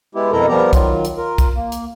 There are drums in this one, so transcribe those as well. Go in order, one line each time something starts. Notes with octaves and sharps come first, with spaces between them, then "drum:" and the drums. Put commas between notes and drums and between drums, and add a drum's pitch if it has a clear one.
G#3 B3 E4 G4
F2 B2 E4 A4 A#4 A#5
F3 G3 B3 G4 A#4 A#5
D#3 F#3 F4, drum: kick, hi-hat
drum: hi-hat
F4 A#4
drum: kick, hi-hat
A#3
drum: hi-hat